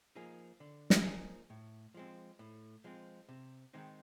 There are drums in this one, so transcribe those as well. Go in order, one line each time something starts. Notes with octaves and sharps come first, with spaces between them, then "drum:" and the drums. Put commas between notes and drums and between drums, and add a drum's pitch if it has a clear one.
F3 A#3 D#4 G#4
D3
drum: snare
F3 A#3 D#4 G#4
A2
F3 G#3 C4
A2
F3 G#3 C4
C3
D#3 G#3 C4 D#4